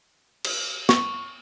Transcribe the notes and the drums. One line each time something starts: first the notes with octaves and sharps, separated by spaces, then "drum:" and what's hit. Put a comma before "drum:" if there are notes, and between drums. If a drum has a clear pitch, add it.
drum: cymbal
C#6, drum: snare